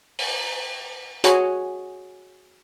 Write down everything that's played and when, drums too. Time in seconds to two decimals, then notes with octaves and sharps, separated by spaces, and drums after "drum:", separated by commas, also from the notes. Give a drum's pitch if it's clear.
0.19 drum: open hi-hat
1.24 F#4 G#4 C#5, drum: hi-hat